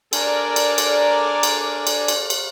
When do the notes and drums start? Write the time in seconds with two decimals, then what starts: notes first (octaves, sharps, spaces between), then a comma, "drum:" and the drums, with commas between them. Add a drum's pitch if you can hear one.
0.13 D4 A4 A#4 D5 G#5, drum: cymbal
0.56 drum: cymbal
0.78 drum: cymbal
1.43 drum: cymbal
1.87 drum: cymbal
2.08 drum: cymbal
2.30 drum: cymbal